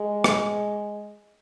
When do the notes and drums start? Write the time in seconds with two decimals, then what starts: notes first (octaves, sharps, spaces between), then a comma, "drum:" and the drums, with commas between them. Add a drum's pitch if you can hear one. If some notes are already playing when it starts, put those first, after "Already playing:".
Already playing: G#3
0.24 drum: rim click